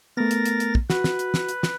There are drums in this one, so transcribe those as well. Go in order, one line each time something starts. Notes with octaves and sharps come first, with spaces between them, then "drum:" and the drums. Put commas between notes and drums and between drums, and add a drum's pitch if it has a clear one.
A3 B3 A#4 A6 A#6
drum: hi-hat
drum: hi-hat
drum: hi-hat
drum: kick
F#4 B4, drum: snare
drum: snare
drum: hi-hat
drum: snare
drum: hi-hat
drum: snare